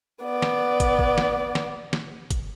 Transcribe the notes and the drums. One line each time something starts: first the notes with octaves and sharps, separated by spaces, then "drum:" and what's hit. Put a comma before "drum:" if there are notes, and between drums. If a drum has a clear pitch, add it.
B3 D5
drum: snare
drum: kick, hi-hat
drum: kick
drum: snare
drum: snare
drum: snare
drum: kick, hi-hat